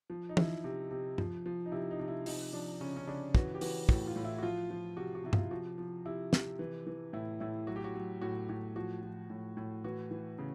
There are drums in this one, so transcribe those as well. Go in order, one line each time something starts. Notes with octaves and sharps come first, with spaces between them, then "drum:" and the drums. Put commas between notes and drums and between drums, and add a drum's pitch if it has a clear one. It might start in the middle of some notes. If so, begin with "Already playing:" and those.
F3
D#4
F3 E4, drum: tom
C3
C3
F3, drum: tom G2
F3
D#4
C3 E4
D#4
C3
E4
F3 D#4, drum: open hi-hat
F3 D4
C#3 C#4
C#4
C#3 D4
E3 F#4, drum: kick
G4
E3 F#4, drum: open hi-hat
A2 F#4, drum: kick
F4
A2
E4
F#4
F3 F4
F3
C3 F#4
F#4
C3 E4
F4, drum: tom G2
F3 F#4
F3
C3 E4
C3, drum: snare
E3
E3
A2 E4
A2 E4
F#3 F#4
G4
F#4
F#3
A2 F#4
A2 F#4
F3 F#4
F3
A2
A2
E3 F#4
E3
C#3